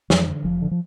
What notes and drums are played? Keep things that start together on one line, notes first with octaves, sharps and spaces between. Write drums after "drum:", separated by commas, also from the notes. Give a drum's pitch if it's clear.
F2 F3, drum: snare
D3
F1 F3
D3
F3